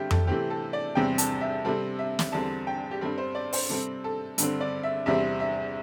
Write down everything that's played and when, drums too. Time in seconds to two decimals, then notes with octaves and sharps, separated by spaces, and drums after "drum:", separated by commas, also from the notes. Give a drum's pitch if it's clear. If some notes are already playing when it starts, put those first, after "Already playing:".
Already playing: G2 D3 C4 G4 E5
0.11 A4, drum: tom F2
0.27 C3 E3 A3 C4 G4
0.50 A4
0.73 D5
0.95 E2 C3 G3 C4 G5
1.18 A5, drum: hi-hat
1.41 E5
1.65 C3 G3 C4 A4
1.99 E5
2.19 drum: snare
2.32 E2 D3 G3 C4 A5
2.67 G5
2.91 G4
3.01 G2 G3 C4 A4
3.18 C5
3.35 D5
3.53 C5, drum: open hi-hat
3.69 C3 G3 C4 A4
4.04 A4
4.38 G2 D3 C4, drum: hi-hat
4.61 D5
4.83 E5
5.06 E2 C3 G3 C4 E5
5.40 E5